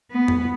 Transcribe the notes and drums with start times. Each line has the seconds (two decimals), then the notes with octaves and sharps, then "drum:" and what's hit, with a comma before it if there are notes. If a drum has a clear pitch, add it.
0.11 B3
0.28 drum: tom E2